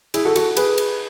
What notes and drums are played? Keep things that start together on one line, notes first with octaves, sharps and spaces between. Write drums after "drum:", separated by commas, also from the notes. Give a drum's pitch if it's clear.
E4 G#4, drum: cymbal
F#4 A4
F#4 A4, drum: cymbal
G#4 B4, drum: cymbal
drum: cymbal